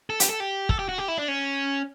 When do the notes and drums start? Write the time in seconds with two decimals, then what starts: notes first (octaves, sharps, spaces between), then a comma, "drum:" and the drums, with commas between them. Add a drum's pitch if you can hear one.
0.10 A4
0.20 G4, drum: hi-hat
0.30 A4
0.40 G4
0.69 A4, drum: kick
0.79 G4
0.89 F#4
0.98 G4
1.08 E4
1.18 D4
1.28 C#4